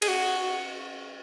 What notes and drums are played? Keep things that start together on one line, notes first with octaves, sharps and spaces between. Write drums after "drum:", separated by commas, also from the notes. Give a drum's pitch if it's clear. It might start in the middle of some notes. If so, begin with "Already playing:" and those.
G#4, drum: cymbal
F#4